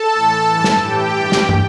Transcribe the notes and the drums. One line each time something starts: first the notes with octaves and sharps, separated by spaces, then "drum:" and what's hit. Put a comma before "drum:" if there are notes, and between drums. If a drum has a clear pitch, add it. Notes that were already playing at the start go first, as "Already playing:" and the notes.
Already playing: A4 A5
A2 E3
G2 E3
drum: snare
A2 E3 G4 G5
G2 E3
drum: snare
drum: tom